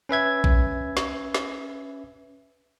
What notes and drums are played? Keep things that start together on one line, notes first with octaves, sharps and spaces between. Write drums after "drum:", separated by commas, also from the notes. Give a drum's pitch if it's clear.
C#4 B4 E5 G#6
drum: kick A#1
drum: snare
drum: snare